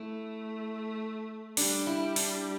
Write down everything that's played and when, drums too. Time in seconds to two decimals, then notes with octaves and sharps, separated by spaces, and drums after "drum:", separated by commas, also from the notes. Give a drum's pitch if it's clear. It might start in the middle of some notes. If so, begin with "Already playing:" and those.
Already playing: A3 E4
1.57 G3 D4, drum: open hi-hat
1.87 E4
2.16 D4, drum: open hi-hat